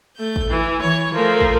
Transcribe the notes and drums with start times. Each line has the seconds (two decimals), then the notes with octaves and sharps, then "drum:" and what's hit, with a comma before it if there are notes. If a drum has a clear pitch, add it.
0.17 A3 G6
0.36 drum: kick
0.50 E3
0.82 E3 C#5
1.14 F3 A3 A#4
1.41 drum: kick